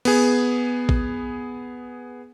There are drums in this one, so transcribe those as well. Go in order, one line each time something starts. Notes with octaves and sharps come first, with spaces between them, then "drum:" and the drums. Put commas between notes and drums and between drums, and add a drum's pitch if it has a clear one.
B3 G#4, drum: cymbal
drum: kick A1